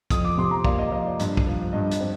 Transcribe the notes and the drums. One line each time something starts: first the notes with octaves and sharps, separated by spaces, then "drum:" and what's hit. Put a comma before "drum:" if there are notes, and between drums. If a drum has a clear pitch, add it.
F2 D#6, drum: kick, hi-hat
D6
C3 C6
A#5
A#3 D5, drum: kick
D#5
F3 D#5
D5
G2, drum: hi-hat
drum: kick
F3
G2 D#5
drum: hi-hat
C4